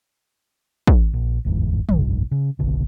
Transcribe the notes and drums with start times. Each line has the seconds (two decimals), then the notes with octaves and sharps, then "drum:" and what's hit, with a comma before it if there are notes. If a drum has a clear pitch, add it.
0.87 drum: kick
1.13 A#1
1.45 D1 G1 E2 G#2
1.89 F1 B1 G2, drum: tom
2.31 C#3
2.59 F#1 B1 B2 D3